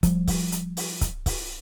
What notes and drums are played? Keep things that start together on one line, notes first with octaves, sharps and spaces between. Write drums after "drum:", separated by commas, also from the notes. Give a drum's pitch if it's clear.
F3 G3, drum: kick C#1, hi-hat
drum: kick C#1, open hi-hat
drum: hi-hat
drum: open hi-hat
drum: kick C#1, hi-hat
drum: kick C#1, open hi-hat